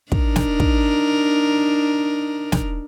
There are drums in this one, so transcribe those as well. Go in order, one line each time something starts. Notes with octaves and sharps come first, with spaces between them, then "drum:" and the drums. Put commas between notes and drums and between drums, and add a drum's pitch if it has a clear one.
D4 D#4 A#4, drum: kick
drum: snare
drum: kick
drum: snare